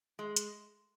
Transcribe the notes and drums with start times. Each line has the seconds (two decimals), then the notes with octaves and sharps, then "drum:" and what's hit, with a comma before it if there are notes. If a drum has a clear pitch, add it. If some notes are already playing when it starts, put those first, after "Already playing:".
0.19 G#3
0.36 drum: hi-hat